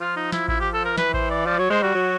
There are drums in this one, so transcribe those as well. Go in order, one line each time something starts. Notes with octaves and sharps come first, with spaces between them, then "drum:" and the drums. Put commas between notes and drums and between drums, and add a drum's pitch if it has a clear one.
F3 F4
D#4
E4, drum: snare
E4, drum: kick A1
G4
A4
A#4
E3 B4, drum: snare
C5, drum: kick A1
D5
F3 D5
F#3 C#5
G#3 C5
G3 F#4
F#3